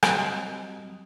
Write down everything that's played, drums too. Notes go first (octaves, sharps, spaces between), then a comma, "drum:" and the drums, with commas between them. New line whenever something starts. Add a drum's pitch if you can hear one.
F#3 G3 C4 D#5 D#6, drum: rim click